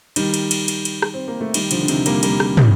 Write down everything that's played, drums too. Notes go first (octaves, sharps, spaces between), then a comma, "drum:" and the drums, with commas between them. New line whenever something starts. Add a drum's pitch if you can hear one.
D#3 G3, drum: cymbal
drum: cymbal
drum: cymbal
drum: cymbal
drum: cymbal
drum: rim click
C4
A#3
A3
D#3 G3, drum: cymbal
D3 F3, drum: cymbal
D3
C3 D#3, drum: cymbal
G3 A#3, drum: cymbal
G3 A#3, drum: cymbal
drum: rim click
drum: tom